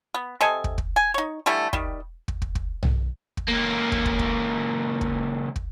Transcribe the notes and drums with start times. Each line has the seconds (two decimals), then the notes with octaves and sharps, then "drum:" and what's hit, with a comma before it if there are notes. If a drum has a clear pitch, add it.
0.14 B3
0.41 C3 A4 D#5 G#5
0.64 drum: kick
0.78 drum: kick
0.96 G#5
1.14 D#4 C#5
1.46 D3 E3 G3 A3
1.73 D#3 G3, drum: kick
2.28 drum: kick
2.42 drum: kick
2.55 drum: kick
2.83 drum: tom
3.37 drum: kick
3.48 C#2 A#3
3.92 drum: kick
4.05 drum: kick
4.19 drum: kick
5.01 drum: kick
5.56 drum: kick